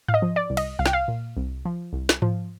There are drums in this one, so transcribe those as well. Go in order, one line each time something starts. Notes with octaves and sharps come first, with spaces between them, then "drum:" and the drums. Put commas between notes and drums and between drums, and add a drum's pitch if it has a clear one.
F5, drum: tom G#2
D#5
F3
D5
C2
D#5, drum: cymbal
C2 F5
G5, drum: snare
F5
A#2
C2
F3
C2
drum: snare
F3, drum: tom G#2